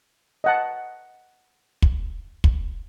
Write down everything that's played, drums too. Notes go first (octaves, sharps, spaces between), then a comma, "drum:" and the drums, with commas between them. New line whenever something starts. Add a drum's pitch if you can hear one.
D#5 F#5 A5
drum: kick
drum: kick